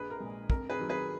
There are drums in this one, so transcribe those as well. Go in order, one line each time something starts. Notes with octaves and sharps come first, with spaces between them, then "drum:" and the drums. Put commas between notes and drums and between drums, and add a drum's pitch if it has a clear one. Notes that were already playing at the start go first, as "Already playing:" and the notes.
Already playing: A#1 G#4 B4
A#4
A#2 G#3
F2 A#4, drum: kick
G#4 B4
D#3 F#3
G#4 B4